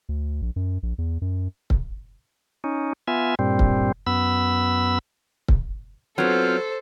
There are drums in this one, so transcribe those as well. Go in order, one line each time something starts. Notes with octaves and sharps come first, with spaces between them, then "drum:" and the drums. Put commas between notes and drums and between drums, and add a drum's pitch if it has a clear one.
D2
A#1
F#2
A#1
E2
F#2
drum: kick C#1
C#4 D#4
B3 F4 E5 G#5
G2 A#2 G3 C4
drum: kick C#1
F#2 B3 B5 E6
drum: kick C#1
F#3 B3 C4 F4 A4 C5